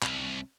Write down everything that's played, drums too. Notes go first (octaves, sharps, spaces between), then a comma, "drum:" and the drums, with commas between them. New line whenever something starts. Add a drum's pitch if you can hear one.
C2, drum: clap